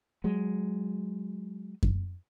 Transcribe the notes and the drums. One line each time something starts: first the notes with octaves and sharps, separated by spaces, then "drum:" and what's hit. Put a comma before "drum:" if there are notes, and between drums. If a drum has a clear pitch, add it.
F#3 G#3
drum: kick F#2